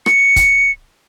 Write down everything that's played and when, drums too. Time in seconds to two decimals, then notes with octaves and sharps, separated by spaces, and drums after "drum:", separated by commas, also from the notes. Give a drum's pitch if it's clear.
0.06 C#7, drum: rim click
0.36 drum: kick, hi-hat